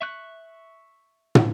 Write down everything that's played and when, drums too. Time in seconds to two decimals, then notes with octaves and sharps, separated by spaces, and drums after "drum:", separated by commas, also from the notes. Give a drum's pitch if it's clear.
0.01 E5 C#6 F#6
1.35 drum: tom